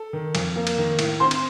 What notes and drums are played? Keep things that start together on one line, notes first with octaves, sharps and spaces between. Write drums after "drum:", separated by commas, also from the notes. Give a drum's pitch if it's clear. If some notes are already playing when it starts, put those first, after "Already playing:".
Already playing: A4
D#3
F2, drum: cymbal
A#3
drum: cymbal
D#3
A2, drum: cymbal
C4 C5 C6
drum: cymbal